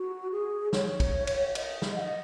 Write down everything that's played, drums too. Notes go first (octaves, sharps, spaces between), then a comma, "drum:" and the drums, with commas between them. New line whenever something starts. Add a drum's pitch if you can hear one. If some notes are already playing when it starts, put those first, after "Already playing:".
Already playing: F#4
G#4
C#5, drum: snare
drum: kick, cymbal
drum: cymbal
D#5, drum: cymbal
drum: snare
F#5
D#5